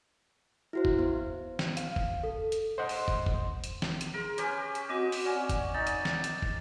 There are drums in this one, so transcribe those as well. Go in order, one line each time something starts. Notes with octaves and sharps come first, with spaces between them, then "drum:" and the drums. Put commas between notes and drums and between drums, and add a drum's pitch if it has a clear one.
E4 F#4 C5
drum: kick
B3 C5
drum: snare
F5, drum: hi-hat
drum: kick
A4
drum: hi-hat
C5 D#5 F#5 C6
drum: open hi-hat
drum: kick
drum: kick
drum: hi-hat
drum: snare
drum: hi-hat
G#4 A#4 C6
C#4 G4 B4 C#5 G#5, drum: hi-hat
drum: hi-hat
C4 F#4 D#5 F#5 D6
drum: open hi-hat
C#4 D5 F#5 G#5
drum: kick, hi-hat
D#4 A6
drum: hi-hat
drum: snare
drum: hi-hat
drum: kick